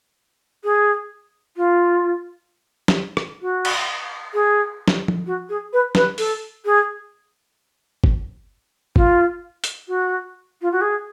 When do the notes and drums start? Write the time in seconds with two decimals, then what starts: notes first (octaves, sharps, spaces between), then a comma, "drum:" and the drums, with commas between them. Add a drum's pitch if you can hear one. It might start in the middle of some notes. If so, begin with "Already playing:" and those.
0.64 G#4
1.56 F4
2.88 drum: snare
3.17 drum: rim click
3.41 F#4
3.65 drum: cymbal
4.33 G#4
4.88 drum: snare
5.08 drum: tom F3
5.26 F#4
5.49 G#4
5.73 B4
5.95 B4, drum: snare
6.18 A4, drum: open hi-hat
6.65 G#4
8.04 drum: kick F#1
8.96 F4, drum: kick F#1
9.64 drum: hi-hat
9.87 F#4
10.61 F4
10.71 F#4
10.81 G#4